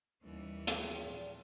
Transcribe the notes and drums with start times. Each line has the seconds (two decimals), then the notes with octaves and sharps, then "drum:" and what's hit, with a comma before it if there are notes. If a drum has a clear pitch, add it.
0.24 D#2 E3 G3 C#4
0.67 F3 G#4 G5, drum: hi-hat
1.05 A#2